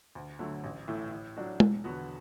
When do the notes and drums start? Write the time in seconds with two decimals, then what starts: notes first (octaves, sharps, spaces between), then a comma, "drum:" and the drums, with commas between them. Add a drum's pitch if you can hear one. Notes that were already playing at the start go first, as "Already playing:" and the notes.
0.15 D2
0.39 D3 F#3 A3
0.64 A1
0.88 A2 E3 A3
1.12 A2
1.37 F#3 D4 F#4
1.60 E1, drum: tom
1.84 E2 D3 B3 F#4